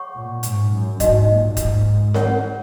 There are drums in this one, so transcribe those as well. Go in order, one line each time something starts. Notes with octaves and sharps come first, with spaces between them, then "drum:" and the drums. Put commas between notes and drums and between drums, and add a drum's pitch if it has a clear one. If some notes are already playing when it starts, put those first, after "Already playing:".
Already playing: G#4 C#5 F#5 C#6
A#2
G#2, drum: hi-hat
F#2
G#2 D#4 F#4 D#5, drum: kick, hi-hat
A#2
G#2, drum: kick, hi-hat
A#4 C#5 F#5, drum: snare C4